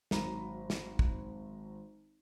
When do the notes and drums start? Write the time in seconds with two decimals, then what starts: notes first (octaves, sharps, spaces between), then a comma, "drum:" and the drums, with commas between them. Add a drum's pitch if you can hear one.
0.11 G#1 F#3 A#5 B5, drum: snare
0.70 drum: snare
0.99 drum: kick